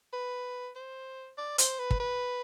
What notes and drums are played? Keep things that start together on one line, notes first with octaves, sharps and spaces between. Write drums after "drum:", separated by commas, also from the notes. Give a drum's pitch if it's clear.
B4
C5
D5
C5, drum: hi-hat
B4
drum: kick
B4